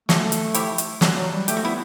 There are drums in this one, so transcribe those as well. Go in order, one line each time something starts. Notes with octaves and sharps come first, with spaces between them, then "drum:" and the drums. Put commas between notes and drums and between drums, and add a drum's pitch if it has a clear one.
A3 F#4 A4, drum: snare
drum: hi-hat
E4 G4, drum: hi-hat
drum: hi-hat
G3 D4 F#4, drum: snare
F#3
G3
A3 G4, drum: hi-hat
F#4
B3 E4